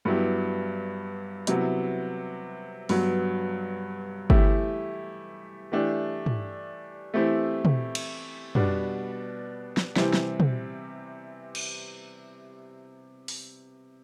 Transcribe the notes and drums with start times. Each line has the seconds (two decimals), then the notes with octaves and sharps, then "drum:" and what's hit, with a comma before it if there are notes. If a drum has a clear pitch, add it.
0.05 G2 F#3 B3 E4 G4
1.47 C3 F#3 B3 E4, drum: hi-hat
2.89 G2 F#3 B3, drum: open hi-hat
4.30 E3 A3 E4 G4, drum: kick G1
5.72 E3 A3 D4 G4
6.26 drum: tom
7.14 E3 A3 C4 E4 G4
7.65 drum: tom
7.95 drum: cymbal
8.55 B2 G3 B3 D4, drum: tom
9.77 drum: snare
9.96 C3 E3 G3 C4, drum: snare
10.13 drum: snare
10.40 drum: tom
11.55 drum: cymbal
13.28 drum: open hi-hat